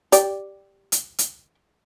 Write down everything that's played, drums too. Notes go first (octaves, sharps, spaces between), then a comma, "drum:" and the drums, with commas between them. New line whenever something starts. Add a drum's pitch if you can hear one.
G4 D5, drum: hi-hat
drum: hi-hat
drum: hi-hat